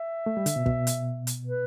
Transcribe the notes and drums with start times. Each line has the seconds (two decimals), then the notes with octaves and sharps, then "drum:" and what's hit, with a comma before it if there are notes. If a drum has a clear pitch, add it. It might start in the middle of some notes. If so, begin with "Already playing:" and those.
Already playing: E5
0.26 A3
0.37 G3
0.46 D3, drum: hi-hat
0.56 B2
0.66 B2, drum: kick
0.87 drum: hi-hat
1.27 drum: hi-hat
1.47 B4